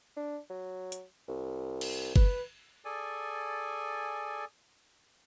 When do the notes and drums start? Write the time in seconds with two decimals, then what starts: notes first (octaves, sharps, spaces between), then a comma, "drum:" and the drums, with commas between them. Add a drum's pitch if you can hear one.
0.17 D4
0.50 F#3
0.92 drum: hi-hat
1.28 C2
1.81 drum: cymbal
2.16 B4, drum: kick G1
2.85 G#4 A4 D5 G#5